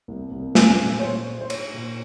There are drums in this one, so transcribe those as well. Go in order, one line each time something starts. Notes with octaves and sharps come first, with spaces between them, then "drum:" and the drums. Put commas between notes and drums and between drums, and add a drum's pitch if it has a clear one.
C2
C2
C#4 G#5, drum: snare
A#2
C#5
A#2 C5
F4
C5
F4 C#5, drum: cymbal
A#2